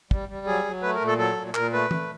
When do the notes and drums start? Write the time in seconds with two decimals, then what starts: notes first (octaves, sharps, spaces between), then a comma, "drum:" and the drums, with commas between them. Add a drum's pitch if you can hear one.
0.11 G3, drum: kick
0.29 G3
0.47 F#3 G#4
0.65 F#3
0.82 A3 B4
0.95 A#4
1.01 A#2
1.07 A4
1.18 F#3 A4
1.37 A#2
1.54 A#2 A#4, drum: clap
1.73 A3 B4
1.91 A3, drum: tom E3